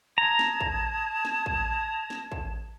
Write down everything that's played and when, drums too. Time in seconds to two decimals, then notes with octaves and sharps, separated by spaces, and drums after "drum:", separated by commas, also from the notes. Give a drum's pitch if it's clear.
0.18 A5 A#5 D#6 G#6
0.39 drum: snare
0.61 drum: kick
1.25 drum: snare
1.46 drum: kick
2.10 drum: snare
2.32 drum: kick